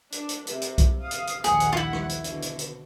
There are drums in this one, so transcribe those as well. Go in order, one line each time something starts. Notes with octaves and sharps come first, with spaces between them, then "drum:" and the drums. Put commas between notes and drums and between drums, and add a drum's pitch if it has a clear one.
D4, drum: hi-hat
drum: hi-hat
C3, drum: hi-hat
drum: hi-hat
drum: kick B1, hi-hat
F5 D#6
drum: hi-hat
drum: hi-hat
A#1 D#2 G#4 F#5, drum: hi-hat
drum: hi-hat
E4 F4
drum: rim click
drum: hi-hat
B2 D3, drum: hi-hat
drum: hi-hat
drum: hi-hat